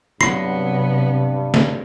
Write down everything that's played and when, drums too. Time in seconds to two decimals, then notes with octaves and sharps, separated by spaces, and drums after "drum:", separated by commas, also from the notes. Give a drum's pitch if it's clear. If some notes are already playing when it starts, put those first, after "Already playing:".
0.21 G2 C3 F#3 B3 C7, drum: rim click
1.54 drum: snare